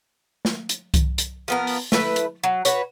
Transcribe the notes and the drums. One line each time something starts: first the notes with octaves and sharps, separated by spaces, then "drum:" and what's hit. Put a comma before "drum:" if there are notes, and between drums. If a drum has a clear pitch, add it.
drum: snare
drum: hi-hat
drum: kick C2, hi-hat
drum: hi-hat
F3 B3 A#4
drum: open hi-hat
A3 E4 B4, drum: snare
drum: hi-hat
F#3
F#4 B4 C#5, drum: hi-hat